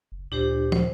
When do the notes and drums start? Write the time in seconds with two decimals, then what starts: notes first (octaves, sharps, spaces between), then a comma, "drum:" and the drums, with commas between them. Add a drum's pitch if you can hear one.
0.12 F#1
0.32 D2 A#2 D4 G4 C5
0.72 C5, drum: tom